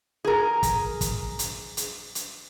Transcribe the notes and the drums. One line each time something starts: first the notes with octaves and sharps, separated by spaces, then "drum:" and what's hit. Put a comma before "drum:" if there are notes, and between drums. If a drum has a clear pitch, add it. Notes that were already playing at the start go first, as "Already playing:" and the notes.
G#4 A#4
drum: kick, hi-hat
drum: kick, hi-hat
drum: hi-hat
drum: hi-hat
drum: hi-hat